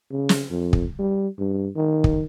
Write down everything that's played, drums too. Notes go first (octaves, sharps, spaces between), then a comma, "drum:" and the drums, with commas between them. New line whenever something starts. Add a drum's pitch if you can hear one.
C#3
drum: snare
F2
drum: kick
G3
G2
D#3
drum: kick